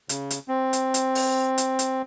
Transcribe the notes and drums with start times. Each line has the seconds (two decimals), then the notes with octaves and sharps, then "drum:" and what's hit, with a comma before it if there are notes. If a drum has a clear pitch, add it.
0.09 C#3, drum: hi-hat
0.30 drum: hi-hat
0.48 C4
0.73 drum: hi-hat
0.94 drum: hi-hat
1.15 drum: open hi-hat
1.58 drum: hi-hat
1.79 drum: hi-hat